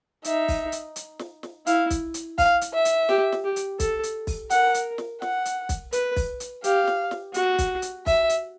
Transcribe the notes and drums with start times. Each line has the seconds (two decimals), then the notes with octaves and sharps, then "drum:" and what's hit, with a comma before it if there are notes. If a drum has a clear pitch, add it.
0.24 D#4 E5, drum: hi-hat
0.48 drum: kick, open hi-hat
0.72 drum: hi-hat
0.96 drum: hi-hat
1.19 drum: snare
1.43 drum: snare
1.67 E4 F5, drum: hi-hat
1.90 drum: kick, hi-hat
2.14 drum: hi-hat
2.38 F5, drum: kick, open hi-hat
2.61 drum: hi-hat
2.73 E5
2.85 drum: hi-hat
3.09 G4, drum: snare
3.32 drum: snare
3.44 G4
3.56 drum: hi-hat
3.80 A4, drum: kick, hi-hat
4.03 drum: hi-hat
4.27 drum: kick, open hi-hat
4.50 A#4 F#5, drum: hi-hat
4.74 drum: hi-hat
4.98 drum: snare
5.22 F#5, drum: snare
5.45 drum: hi-hat
5.69 drum: kick, hi-hat
5.93 B4, drum: hi-hat
6.16 drum: kick, open hi-hat
6.40 drum: hi-hat
6.64 G4 F5, drum: hi-hat
6.87 drum: snare
7.11 drum: snare
7.34 F#4, drum: hi-hat
7.58 drum: kick, hi-hat
7.82 drum: hi-hat
8.06 E5, drum: kick, open hi-hat
8.29 drum: hi-hat